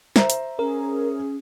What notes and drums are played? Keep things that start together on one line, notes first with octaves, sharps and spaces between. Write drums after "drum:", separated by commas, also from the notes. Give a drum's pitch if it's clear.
C5 E5 A#5, drum: snare
drum: hi-hat
C#4 G#4 A#4